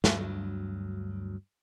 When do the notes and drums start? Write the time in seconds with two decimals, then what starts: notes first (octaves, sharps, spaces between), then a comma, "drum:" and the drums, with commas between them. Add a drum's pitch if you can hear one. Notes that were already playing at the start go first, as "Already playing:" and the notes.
0.04 D2 G2 F#3, drum: snare